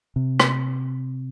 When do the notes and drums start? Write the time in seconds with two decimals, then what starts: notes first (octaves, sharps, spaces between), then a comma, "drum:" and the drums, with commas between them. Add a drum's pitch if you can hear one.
0.16 C3
0.40 drum: rim click